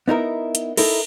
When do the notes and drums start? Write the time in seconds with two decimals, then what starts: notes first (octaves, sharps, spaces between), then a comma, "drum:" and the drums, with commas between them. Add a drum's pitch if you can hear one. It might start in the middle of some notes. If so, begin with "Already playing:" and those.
0.08 B3 D#4 E4 A#4
0.55 drum: hi-hat
0.77 D#4 E4 A4 A#4, drum: cymbal